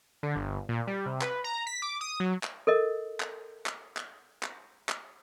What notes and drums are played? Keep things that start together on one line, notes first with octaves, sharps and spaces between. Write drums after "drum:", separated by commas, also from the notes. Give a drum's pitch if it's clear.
D3
G1
A#2
G3
C3
B4, drum: clap
A#5
B6
D6
D#6
F#3
drum: clap
A4 A#4 D#5
drum: clap
drum: clap
drum: clap
drum: clap
drum: clap